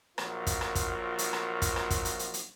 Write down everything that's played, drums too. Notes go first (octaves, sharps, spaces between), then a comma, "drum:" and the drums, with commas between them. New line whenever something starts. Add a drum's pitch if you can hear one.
A#1 F#3 F4 A#4, drum: rim click
drum: kick, hi-hat
drum: rim click
drum: kick, hi-hat
drum: hi-hat
drum: rim click
drum: kick, hi-hat
drum: rim click
drum: kick, hi-hat
drum: hi-hat
drum: hi-hat
drum: hi-hat